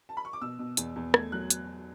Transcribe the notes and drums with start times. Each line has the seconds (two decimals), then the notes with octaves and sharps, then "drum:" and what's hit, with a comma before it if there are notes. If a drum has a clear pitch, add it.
0.09 A5
0.17 B5
0.25 C#6
0.33 D6
0.41 B2 E6
0.59 B2
0.77 E2, drum: hi-hat
0.96 E2
1.14 A3 G#6, drum: rim click
1.32 F#3 F#6
1.50 drum: hi-hat